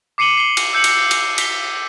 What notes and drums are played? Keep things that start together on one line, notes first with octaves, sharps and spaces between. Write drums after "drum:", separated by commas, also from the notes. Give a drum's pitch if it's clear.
D6 C7 C#7 D#7 F#7 G7
C7 G7
drum: cymbal
E6 G6 C#7 F#7
drum: cymbal
drum: cymbal
B6 G7, drum: cymbal